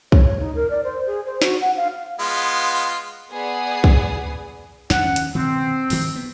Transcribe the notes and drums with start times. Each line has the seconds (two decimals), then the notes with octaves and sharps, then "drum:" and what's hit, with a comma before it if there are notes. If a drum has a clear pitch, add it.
0.12 C#5, drum: kick B1
0.24 C#5
0.40 D#4
0.55 A#4
0.70 D5
0.84 C5
1.06 G#4
1.26 C5
1.42 F#4, drum: snare
1.61 F#5
1.77 F5
2.19 G#3 B3 F4
3.30 B3 G#4 D5 D#6
3.84 drum: kick B1
4.90 F2 F#5, drum: snare
5.04 D#2 C#4
5.16 drum: hi-hat
5.35 G2 B2 D#3 C4
5.90 D2 G2 D#3, drum: open hi-hat
6.16 B3